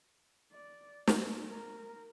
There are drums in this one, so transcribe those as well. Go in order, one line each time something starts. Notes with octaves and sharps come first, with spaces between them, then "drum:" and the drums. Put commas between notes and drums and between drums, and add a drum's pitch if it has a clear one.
D5
D#4, drum: snare
A#4